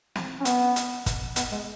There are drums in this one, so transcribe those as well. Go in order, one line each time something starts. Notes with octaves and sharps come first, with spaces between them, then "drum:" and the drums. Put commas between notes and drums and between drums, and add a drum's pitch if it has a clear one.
drum: snare
C#4
B3, drum: hi-hat
drum: hi-hat
drum: kick, hi-hat
B3, drum: hi-hat
G#3